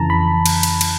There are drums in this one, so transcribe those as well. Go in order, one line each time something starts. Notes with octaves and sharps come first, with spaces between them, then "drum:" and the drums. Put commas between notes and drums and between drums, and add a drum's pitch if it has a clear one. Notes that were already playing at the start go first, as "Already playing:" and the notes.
Already playing: F2 C#3 E3 A5 A#5
B5
drum: cymbal
drum: cymbal
drum: cymbal